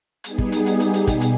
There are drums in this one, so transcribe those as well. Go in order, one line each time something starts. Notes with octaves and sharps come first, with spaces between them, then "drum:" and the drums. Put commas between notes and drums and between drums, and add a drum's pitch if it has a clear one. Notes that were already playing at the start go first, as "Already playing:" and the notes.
G3 B3 D#4 G#4, drum: hi-hat
drum: kick
drum: hi-hat
G4, drum: hi-hat
drum: hi-hat
drum: hi-hat
B2 G#4, drum: kick, hi-hat
drum: hi-hat